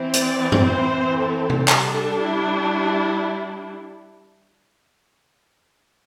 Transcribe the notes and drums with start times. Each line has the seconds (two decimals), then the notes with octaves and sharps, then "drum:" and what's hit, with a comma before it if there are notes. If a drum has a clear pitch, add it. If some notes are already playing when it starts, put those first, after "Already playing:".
Already playing: E3 C4
0.13 D5, drum: hi-hat
0.52 drum: tom F#2
0.65 C5
1.17 A4
1.50 drum: tom C3
1.68 G3 D4 A4, drum: clap
2.20 E4